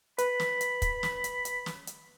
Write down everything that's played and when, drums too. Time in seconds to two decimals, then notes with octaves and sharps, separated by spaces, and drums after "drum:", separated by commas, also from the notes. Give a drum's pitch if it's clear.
0.18 B4 B5, drum: hi-hat
0.40 drum: snare
0.61 drum: hi-hat
0.82 drum: kick, hi-hat
1.03 drum: snare
1.24 drum: hi-hat
1.45 drum: hi-hat
1.66 drum: snare
1.87 drum: hi-hat